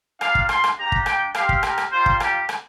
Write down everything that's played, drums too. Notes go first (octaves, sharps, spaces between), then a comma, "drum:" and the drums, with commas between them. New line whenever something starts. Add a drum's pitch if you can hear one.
G3 A#3 D4 F4 F5, drum: rim click
drum: kick
C6, drum: rim click
drum: rim click
A#3 D4 G4 A#5
drum: kick
G5, drum: rim click
C4 G4 F5, drum: rim click
drum: kick
A#4, drum: rim click
drum: rim click
G3 A#3 F4 C5
drum: kick
G4, drum: rim click
drum: rim click